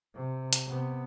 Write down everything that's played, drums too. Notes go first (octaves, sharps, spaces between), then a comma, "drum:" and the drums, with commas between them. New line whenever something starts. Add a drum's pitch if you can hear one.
C3
drum: hi-hat
C3 B3